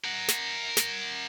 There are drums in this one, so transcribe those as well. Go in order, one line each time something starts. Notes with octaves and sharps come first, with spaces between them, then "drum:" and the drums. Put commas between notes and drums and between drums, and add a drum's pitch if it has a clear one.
A#4 F#5
drum: snare
drum: snare